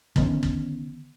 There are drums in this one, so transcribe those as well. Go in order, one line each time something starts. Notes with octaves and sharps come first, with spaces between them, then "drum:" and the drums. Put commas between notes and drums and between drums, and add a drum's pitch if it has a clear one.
D3 D#3 B3 C#4, drum: kick
drum: kick